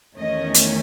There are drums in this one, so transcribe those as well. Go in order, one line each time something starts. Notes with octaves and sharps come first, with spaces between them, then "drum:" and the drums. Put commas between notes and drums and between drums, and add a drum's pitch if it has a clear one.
E2 D#3 A3 C#4 D#5
drum: hi-hat